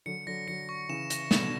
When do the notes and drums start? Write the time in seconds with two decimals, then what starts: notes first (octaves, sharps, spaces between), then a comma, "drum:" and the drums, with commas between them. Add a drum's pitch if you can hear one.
0.06 D3 F#3 C#7
0.27 D3 F#3 A#6
0.47 D3 F#3 C#7
0.69 C#6
0.89 C#3 E3 E7
1.10 A#6, drum: hi-hat
1.31 B2 D3 E7, drum: snare